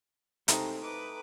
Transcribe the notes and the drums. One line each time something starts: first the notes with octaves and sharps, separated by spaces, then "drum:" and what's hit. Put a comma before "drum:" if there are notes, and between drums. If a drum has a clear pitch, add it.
C3 G#3 A3 D#4 G5, drum: hi-hat
B4 D6